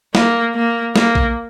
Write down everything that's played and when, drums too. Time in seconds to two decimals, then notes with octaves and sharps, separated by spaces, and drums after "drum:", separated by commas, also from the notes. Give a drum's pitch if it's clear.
0.15 A#3, drum: snare
0.55 A#3
0.96 A#3, drum: snare
1.15 drum: kick